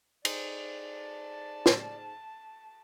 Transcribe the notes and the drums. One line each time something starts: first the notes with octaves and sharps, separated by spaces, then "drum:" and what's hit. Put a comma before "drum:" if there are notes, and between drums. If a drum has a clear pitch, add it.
D#4 G#4 C5 D5, drum: cymbal
A5
drum: snare